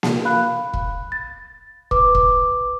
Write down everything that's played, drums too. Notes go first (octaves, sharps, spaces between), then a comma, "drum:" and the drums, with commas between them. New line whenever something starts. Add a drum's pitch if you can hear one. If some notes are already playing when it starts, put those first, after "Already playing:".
drum: snare A#3
F5 B5 F#6
drum: kick
A6
B4 D6, drum: kick
drum: kick